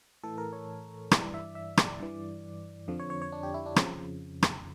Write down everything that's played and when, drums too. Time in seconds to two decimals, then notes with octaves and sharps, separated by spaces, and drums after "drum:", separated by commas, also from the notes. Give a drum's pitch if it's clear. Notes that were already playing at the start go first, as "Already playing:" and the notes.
0.24 A2 E3 A4
0.38 A#4
0.53 C#5
1.11 G2 E3 D5, drum: rim click
1.34 E5
1.55 E5
1.77 D5, drum: rim click
2.00 G2 E3
2.88 F2 D3 F3
2.99 C#5
3.10 C#5
3.22 C#5
3.32 D4
3.43 G4
3.54 E4
3.66 D4
3.76 F2 C#3 F3, drum: rim click
4.43 drum: rim click